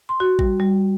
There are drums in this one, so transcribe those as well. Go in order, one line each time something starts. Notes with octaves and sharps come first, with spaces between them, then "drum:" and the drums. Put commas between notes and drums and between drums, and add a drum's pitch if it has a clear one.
C6
F#4
G3, drum: kick A1
G3